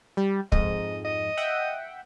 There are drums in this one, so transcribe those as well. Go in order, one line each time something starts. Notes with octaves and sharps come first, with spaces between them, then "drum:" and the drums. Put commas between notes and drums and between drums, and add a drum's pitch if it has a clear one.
G3
F2 G#2 D#5, drum: kick
D#5
E5 F#5 G5